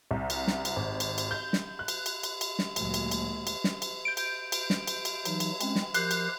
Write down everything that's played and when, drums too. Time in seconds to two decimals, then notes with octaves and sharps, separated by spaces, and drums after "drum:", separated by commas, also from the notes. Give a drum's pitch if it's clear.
0.11 C2
0.30 drum: cymbal
0.47 drum: snare
0.65 drum: cymbal
0.76 G#1
1.00 drum: cymbal
1.18 drum: cymbal
1.31 G6
1.53 drum: snare
1.79 F#6
1.88 drum: cymbal
2.06 drum: cymbal
2.23 drum: cymbal
2.41 drum: cymbal
2.59 drum: snare
2.76 D2 A#2 D#3 F#3 G#3 A#3, drum: cymbal
2.94 drum: cymbal
3.11 drum: cymbal
3.47 drum: cymbal
3.64 drum: snare
3.82 drum: cymbal
4.05 G6 D7
4.17 drum: cymbal
4.52 drum: cymbal
4.70 drum: snare
4.87 drum: cymbal
5.05 drum: cymbal
5.25 E3 F#3 D#4, drum: cymbal
5.40 drum: cymbal
5.61 G#3 C4 C#4, drum: cymbal
5.75 drum: snare
5.94 F3 G4 A#4 F#6 G6 C7, drum: cymbal
6.11 drum: cymbal